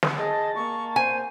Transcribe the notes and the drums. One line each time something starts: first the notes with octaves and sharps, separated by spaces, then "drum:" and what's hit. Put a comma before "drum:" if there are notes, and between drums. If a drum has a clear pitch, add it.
drum: snare
G#4 D#5 A5
A#3 C#6
C5 G#5